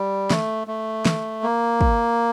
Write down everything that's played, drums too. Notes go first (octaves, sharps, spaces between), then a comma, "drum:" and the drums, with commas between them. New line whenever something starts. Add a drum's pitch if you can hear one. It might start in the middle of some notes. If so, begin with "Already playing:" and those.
Already playing: G3
A3, drum: snare
A3
drum: snare
A#3
drum: kick